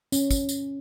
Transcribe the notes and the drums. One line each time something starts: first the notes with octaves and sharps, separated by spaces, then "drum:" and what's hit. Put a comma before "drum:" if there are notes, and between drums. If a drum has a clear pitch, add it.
C#4, drum: tambourine
drum: kick, tambourine
drum: tambourine